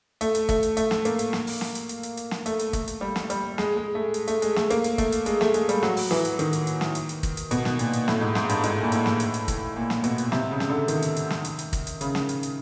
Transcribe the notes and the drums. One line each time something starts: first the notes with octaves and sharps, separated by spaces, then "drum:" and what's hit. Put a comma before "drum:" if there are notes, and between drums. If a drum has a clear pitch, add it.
A3, drum: hi-hat
drum: hi-hat
A3, drum: kick, hi-hat
drum: hi-hat
A3, drum: hi-hat
drum: snare
A#3, drum: hi-hat
drum: hi-hat
drum: snare
drum: open hi-hat
drum: snare
drum: hi-hat
drum: hi-hat
drum: hi-hat
drum: hi-hat
drum: snare
A3, drum: hi-hat
drum: hi-hat
A3, drum: kick, hi-hat
drum: hi-hat
G3
drum: snare
G3, drum: hi-hat
G#3, drum: snare
G#3
A3
drum: hi-hat
A3, drum: hi-hat
G#3, drum: hi-hat
A3, drum: snare
A#3, drum: hi-hat
drum: hi-hat
A3, drum: kick, hi-hat
drum: hi-hat
G#3, drum: hi-hat
A3, drum: snare
G#3, drum: hi-hat
G3, drum: hi-hat
F#3, drum: snare
drum: open hi-hat
E3, drum: snare
drum: hi-hat
D#3, drum: hi-hat
drum: hi-hat
drum: hi-hat
drum: snare
drum: hi-hat
drum: hi-hat
drum: kick, hi-hat
drum: hi-hat
B2, drum: hi-hat
drum: snare
A#2, drum: hi-hat
drum: hi-hat
A2, drum: snare
G#2
G#2, drum: snare
G2, drum: hi-hat
G#2, drum: hi-hat
A#2
A2, drum: hi-hat
drum: snare
drum: hi-hat
drum: hi-hat
drum: kick, hi-hat
A#2
drum: snare
B2, drum: hi-hat
drum: hi-hat
C3, drum: snare
C#3
drum: snare
D3
D#3, drum: hi-hat
drum: hi-hat
drum: hi-hat
drum: snare
drum: hi-hat
drum: hi-hat
drum: kick, hi-hat
drum: hi-hat
C#3, drum: hi-hat
drum: snare
drum: hi-hat
drum: hi-hat